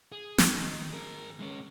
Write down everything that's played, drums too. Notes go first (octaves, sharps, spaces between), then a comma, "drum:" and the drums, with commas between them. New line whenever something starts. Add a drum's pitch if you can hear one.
G#4
D#3, drum: snare
G#4 A#4
G#3 C#4